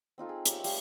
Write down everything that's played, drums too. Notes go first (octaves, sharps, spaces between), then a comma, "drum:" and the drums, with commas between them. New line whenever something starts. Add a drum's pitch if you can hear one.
C4 D#4 F4 A4
G#4
G4 C#5 E5 C#6, drum: hi-hat
G3 A3 G4 F5, drum: open hi-hat